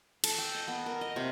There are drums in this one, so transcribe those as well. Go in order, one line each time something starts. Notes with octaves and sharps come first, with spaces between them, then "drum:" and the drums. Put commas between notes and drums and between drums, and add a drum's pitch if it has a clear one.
A4, drum: cymbal
G5
D#5
B3
A#4
D#5
C3